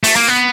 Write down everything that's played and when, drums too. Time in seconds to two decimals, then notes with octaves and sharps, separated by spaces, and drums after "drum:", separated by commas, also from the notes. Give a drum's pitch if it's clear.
0.04 A3, drum: open hi-hat
0.16 A#3
0.28 B3